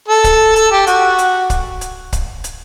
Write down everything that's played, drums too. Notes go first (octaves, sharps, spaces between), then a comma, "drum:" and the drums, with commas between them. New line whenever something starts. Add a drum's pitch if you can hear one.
A4
drum: kick C#1, hi-hat
A4, drum: hi-hat
G4
F#4, drum: hi-hat
drum: hi-hat
drum: kick C#1, hi-hat
drum: hi-hat
drum: kick C#1, hi-hat
drum: hi-hat